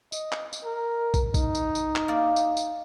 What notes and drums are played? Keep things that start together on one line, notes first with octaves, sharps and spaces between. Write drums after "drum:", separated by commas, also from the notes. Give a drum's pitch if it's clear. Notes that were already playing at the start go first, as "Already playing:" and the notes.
D#5, drum: tambourine
drum: clap
drum: tambourine
A#4
drum: kick, tambourine
D#4, drum: kick, tambourine
drum: tambourine
drum: tambourine
drum: clap
A#3 A#4 D5
drum: tambourine
drum: tambourine